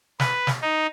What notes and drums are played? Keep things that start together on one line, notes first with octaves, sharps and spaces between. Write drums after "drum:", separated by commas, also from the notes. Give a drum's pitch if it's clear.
B4, drum: snare
drum: snare
D#4